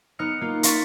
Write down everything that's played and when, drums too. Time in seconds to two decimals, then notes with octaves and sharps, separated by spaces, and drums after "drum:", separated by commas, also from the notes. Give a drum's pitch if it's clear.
0.19 B3 D#4 F6 C#7
0.41 A#3 F4
0.63 C6 C#6 A6 B6, drum: hi-hat